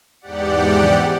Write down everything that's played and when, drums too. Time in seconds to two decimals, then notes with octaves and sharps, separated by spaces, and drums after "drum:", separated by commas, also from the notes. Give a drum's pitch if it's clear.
0.20 E2 G#2 G4 D5 F#5
0.83 drum: tom E3